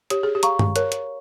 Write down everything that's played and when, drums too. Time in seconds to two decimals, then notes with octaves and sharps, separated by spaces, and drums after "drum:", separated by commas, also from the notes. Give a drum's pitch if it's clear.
0.10 G4 C#5, drum: hi-hat
0.23 G#4
0.35 G4
0.43 F5 A#5 C#6, drum: hi-hat
0.59 drum: tom G2
0.76 A#4 C#5, drum: hi-hat
0.92 drum: hi-hat